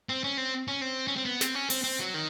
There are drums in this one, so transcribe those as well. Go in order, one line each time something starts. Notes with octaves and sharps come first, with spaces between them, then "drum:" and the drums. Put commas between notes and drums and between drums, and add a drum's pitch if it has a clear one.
C4
C#4
C4
C#4
C4
C#4
C4
B3
C4, drum: snare
C#4
C4, drum: open hi-hat
C4
F#3
D#3